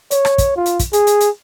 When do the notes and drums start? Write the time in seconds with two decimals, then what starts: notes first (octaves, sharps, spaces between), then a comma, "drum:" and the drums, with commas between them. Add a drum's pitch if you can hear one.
0.11 C#5, drum: hi-hat
0.25 drum: rim click
0.38 drum: kick, hi-hat
0.56 F4
0.66 drum: hi-hat
0.80 drum: kick, hi-hat
0.93 G#4, drum: hi-hat
1.07 drum: hi-hat
1.21 drum: hi-hat